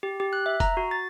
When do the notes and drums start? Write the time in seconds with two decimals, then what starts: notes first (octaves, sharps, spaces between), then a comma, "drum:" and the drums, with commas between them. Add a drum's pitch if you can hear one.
0.03 G4
0.20 G4
0.33 F#6
0.46 E5
0.60 A#5, drum: kick F1, hi-hat
0.77 F#4
0.91 A6